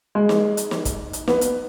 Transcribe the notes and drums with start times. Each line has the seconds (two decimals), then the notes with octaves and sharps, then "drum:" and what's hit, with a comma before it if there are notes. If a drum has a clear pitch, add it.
0.15 G#3
0.29 drum: snare
0.57 drum: hi-hat
0.71 drum: snare
0.85 drum: kick, hi-hat
1.13 drum: hi-hat
1.28 B3, drum: snare
1.41 drum: hi-hat